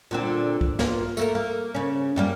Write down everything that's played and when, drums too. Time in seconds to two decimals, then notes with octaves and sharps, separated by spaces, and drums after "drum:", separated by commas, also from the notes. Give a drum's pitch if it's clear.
0.11 A#2 D3 C4
0.61 drum: kick
0.79 A#3 F4, drum: snare
1.17 A3 A#3 A#4, drum: tambourine
1.35 A#3
1.75 C#3 C#4
2.16 F#2 G3 A#3